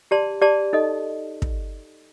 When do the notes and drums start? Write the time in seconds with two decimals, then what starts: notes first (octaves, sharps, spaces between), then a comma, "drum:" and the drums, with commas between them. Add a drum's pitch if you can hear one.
0.11 G4 D5 A5 C6
0.41 G4 D5 A5 C6
0.73 D#4 A4 D#5
1.42 drum: kick